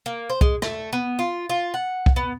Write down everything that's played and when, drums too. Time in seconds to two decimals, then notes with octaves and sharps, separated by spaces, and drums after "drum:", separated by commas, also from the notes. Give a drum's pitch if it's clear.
0.06 A#3
0.30 C5
0.41 G#3, drum: kick C2
0.62 A3, drum: rim click
0.93 B3
1.19 F4
1.49 F4
1.74 F#5
2.06 drum: kick C2
2.16 B3